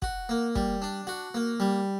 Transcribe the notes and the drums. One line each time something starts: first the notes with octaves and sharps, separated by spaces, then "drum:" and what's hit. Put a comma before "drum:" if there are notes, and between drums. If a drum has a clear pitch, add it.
F#4, drum: kick
A#3
G3, drum: kick
D4
F#4
A#3
G3